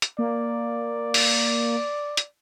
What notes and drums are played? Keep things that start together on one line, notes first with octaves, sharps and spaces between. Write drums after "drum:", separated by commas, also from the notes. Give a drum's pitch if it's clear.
drum: hi-hat
A#3 D5
drum: open hi-hat
drum: hi-hat